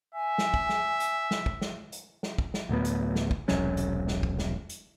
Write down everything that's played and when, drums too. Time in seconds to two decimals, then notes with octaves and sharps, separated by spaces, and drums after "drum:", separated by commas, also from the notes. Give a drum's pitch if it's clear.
0.15 E5 G#5
0.38 drum: snare
0.54 drum: kick
0.69 drum: snare
1.00 drum: hi-hat
1.31 drum: snare
1.46 drum: kick
1.61 drum: snare
1.92 drum: hi-hat
2.23 drum: snare
2.38 drum: kick
2.54 drum: snare
2.69 D2 A2 F#3 B3
2.85 drum: hi-hat
3.15 drum: snare
3.31 drum: kick
3.48 E1 C2 F#3 C#4, drum: snare
3.77 drum: hi-hat
4.08 drum: snare
4.23 drum: kick
4.39 drum: snare
4.69 drum: hi-hat